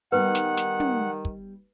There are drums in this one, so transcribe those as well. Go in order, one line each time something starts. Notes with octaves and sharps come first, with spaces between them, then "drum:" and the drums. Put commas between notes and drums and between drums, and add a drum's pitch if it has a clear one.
D#3 G3 B3 D#4 B4 F#5
drum: snare
drum: snare
drum: tom
drum: kick